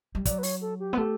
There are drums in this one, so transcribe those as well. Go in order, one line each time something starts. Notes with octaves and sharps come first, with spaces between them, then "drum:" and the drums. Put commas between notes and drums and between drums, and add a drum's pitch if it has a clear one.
G3
F#3 D5, drum: kick, hi-hat
B4
C#5, drum: open hi-hat
A4
G4
B3
A3 G4